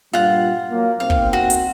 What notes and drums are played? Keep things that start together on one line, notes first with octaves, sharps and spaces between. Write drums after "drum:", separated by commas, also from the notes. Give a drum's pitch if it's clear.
G2 A#2 G3 F4 F#5
F#3 A#3
B1 A#3 C4 F5
drum: kick
F#4
drum: hi-hat